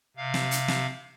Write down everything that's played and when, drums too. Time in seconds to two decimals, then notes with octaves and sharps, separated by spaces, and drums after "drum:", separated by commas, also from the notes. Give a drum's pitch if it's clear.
0.17 C3 F5
0.34 drum: snare
0.51 drum: hi-hat
0.68 drum: snare